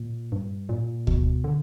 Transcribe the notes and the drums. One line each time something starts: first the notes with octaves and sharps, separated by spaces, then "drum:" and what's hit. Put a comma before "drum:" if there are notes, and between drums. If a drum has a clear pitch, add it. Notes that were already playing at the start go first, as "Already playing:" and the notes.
Already playing: A#2
G2
A#2
B2, drum: kick D2
D3